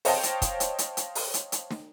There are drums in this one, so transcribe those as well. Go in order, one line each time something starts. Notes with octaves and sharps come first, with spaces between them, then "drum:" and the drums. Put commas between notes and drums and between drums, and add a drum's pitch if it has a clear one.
C5 C#5 D#5 F5 G5 A5, drum: open hi-hat
drum: hi-hat
drum: kick, hi-hat
drum: hi-hat
drum: hi-hat
drum: hi-hat
drum: open hi-hat
drum: hi-hat
drum: hi-hat
drum: snare